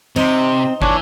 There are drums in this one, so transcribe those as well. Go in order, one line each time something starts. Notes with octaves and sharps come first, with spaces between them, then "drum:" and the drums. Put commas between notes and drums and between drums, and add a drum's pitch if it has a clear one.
C3 C4 D#4 C5
E3 D4 C#5, drum: kick